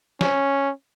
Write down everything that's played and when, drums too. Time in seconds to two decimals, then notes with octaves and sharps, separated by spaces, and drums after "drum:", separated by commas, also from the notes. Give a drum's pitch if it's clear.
0.21 C#4, drum: snare